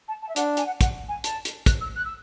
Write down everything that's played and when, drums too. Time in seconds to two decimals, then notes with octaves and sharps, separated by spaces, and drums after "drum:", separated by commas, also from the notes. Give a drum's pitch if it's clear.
0.08 A5
0.22 A5
0.29 E5
0.36 D4 F#5, drum: hi-hat
0.57 G#5, drum: hi-hat
0.66 F#5
0.81 F#5, drum: kick, hi-hat
1.09 G#5
1.24 A5, drum: hi-hat
1.45 drum: hi-hat
1.66 F#6, drum: kick, hi-hat
1.81 E6
1.96 F#6
2.05 E6